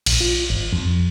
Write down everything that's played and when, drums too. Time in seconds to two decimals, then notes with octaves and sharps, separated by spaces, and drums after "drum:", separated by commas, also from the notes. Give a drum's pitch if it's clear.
0.06 A#1, drum: cymbal
0.20 F4
0.50 G#1
0.73 F2